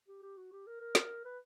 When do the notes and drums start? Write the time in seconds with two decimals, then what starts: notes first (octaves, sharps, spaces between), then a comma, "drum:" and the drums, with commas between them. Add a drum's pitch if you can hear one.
0.08 G4
0.23 G4
0.37 F#4
0.52 G4
0.67 A#4
0.81 A#4
0.95 drum: snare
1.25 B4